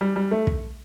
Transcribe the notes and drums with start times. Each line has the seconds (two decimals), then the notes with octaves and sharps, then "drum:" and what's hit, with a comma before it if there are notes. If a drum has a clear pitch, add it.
0.01 G3
0.16 G3
0.31 A3
0.47 drum: kick